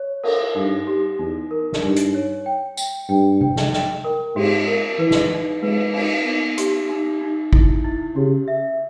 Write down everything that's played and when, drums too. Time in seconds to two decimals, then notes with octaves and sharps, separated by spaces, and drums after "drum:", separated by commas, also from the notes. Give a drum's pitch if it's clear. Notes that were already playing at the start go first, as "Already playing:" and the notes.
Already playing: C#5
0.24 A#4, drum: cymbal
0.55 G2 D#4
0.87 G4
1.19 E2 D#4
1.51 A#4
1.73 drum: snare
1.82 G2 D#4
1.96 drum: hi-hat
2.14 C#5
2.46 G5
2.77 G5, drum: tambourine
3.09 G2 G5
3.41 G5, drum: tom C3
3.56 drum: snare
3.73 G5, drum: snare
4.04 A#4
4.36 G#2 G4, drum: cymbal
4.67 A#4
4.99 E3 B4
5.11 drum: snare
5.32 D#4
5.62 G#3 B4, drum: cymbal
5.94 D#4, drum: cymbal
6.26 B3 D#4
6.58 G4, drum: hi-hat
6.89 D#4
7.21 D#4
7.53 E4, drum: kick
7.84 E4
8.16 C#3 G4
8.48 E5